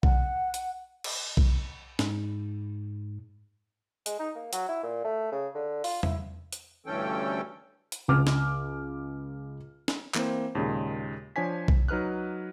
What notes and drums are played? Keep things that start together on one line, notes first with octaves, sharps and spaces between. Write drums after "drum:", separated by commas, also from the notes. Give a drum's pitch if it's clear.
F#5, drum: kick B1
drum: hi-hat
drum: cymbal
drum: kick B1
G#2, drum: snare
G#3, drum: hi-hat
D#4
A#3
F#3, drum: hi-hat
E4
A#2
A3
C#3
D3
F4, drum: open hi-hat
E4, drum: tom E2
drum: hi-hat
D2 G2 E3 C#4 A4 G5
drum: hi-hat
C#2 D6 F6
drum: snare
drum: snare
E3 A#3 C4 C5, drum: clap
D#2 A#2 C#3 G#3
F3 D4 C#5 G#5 B6
drum: kick B1
F#3 D#4 B4 F6 F#6